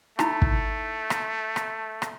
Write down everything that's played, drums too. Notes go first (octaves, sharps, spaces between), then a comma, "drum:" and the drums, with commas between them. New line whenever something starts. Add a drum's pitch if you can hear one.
A3 D#4 E4 B5, drum: rim click
drum: kick
drum: rim click
drum: rim click
drum: rim click